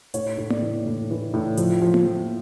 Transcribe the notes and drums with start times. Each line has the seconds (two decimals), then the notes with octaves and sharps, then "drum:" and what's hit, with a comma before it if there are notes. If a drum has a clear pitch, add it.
0.14 A2 C#5, drum: hi-hat
0.38 A2
0.50 D5, drum: tom A#3
0.62 E3
0.86 A2
1.11 E3
1.34 A2
1.57 F3, drum: hi-hat
1.81 F3
1.94 drum: tom A#3
2.06 F3